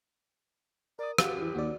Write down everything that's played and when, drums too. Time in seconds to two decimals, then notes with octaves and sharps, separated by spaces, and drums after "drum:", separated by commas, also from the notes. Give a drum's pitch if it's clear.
0.99 A#4 D5 D#6
1.18 F#4 G4 F5, drum: rim click
1.41 E3
1.55 D#2 F#4 D5